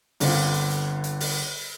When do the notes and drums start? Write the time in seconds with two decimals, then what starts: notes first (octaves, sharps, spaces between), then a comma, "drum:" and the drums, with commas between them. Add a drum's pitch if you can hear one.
0.20 G1 D3 C4 F4, drum: open hi-hat
0.54 drum: hi-hat
0.70 drum: hi-hat
1.04 drum: hi-hat
1.20 drum: open hi-hat